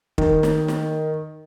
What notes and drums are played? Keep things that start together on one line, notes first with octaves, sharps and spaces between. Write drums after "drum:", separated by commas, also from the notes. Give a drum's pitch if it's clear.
D#3, drum: kick
drum: snare
drum: snare